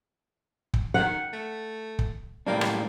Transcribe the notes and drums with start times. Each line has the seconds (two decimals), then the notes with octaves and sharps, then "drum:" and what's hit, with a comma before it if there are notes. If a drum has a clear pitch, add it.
0.74 drum: kick
0.94 D#3 F#5
1.33 A3
1.99 drum: kick
2.47 A2 G3 A#3 D4
2.61 drum: rim click